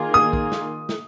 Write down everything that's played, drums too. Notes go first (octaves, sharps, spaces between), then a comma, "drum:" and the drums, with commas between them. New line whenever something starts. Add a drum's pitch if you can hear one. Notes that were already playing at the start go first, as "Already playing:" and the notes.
Already playing: D#3 A#3 F4 G#4
D#6
drum: kick
drum: snare
drum: snare